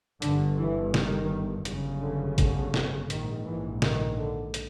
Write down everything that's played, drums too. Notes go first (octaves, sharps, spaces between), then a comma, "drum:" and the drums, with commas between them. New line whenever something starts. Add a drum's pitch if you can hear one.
G1 G2 D3, drum: hi-hat
E3
D#3, drum: snare
G1 F#2 C#3, drum: hi-hat
D3
D3, drum: kick A1, hi-hat
drum: snare
A#1 G#2 D#3, drum: hi-hat
E3
D#3, drum: snare
D3
drum: hi-hat